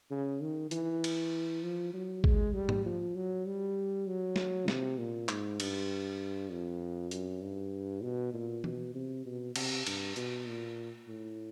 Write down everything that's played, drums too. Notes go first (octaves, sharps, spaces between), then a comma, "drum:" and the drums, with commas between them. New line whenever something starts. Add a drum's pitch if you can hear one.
C#3
D#3
E3, drum: hi-hat
drum: cymbal
F3
F#3
G#3, drum: kick G#1
G3
drum: tom
F3
F#3
G3
F#3
drum: snare
C3, drum: snare
A#2
G#2, drum: clap
G2, drum: cymbal
F2
F#2, drum: hi-hat
G2
B2
A#2
B2, drum: tom E3
C3
B2
C3, drum: cymbal
G2, drum: cymbal
B2, drum: hi-hat
A#2
A2